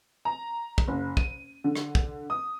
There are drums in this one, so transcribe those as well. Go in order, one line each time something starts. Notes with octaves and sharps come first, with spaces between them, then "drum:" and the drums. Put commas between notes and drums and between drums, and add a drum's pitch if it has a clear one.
A#5
drum: kick
F#1
D#7, drum: kick
D3
drum: rim click
drum: kick
D#6